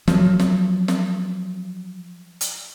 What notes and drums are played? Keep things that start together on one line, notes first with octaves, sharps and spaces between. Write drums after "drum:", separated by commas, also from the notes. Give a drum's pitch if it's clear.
F3 F#3, drum: snare
drum: snare
drum: snare
drum: hi-hat